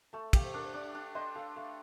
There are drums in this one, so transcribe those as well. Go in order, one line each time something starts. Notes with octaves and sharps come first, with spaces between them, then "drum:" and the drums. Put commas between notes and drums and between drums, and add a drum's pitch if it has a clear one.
A3 A5
G4 F5, drum: kick, cymbal
C5
D4 A#4
C5
D4 D5
D4
C5 D#5
A4 F5
A3 F5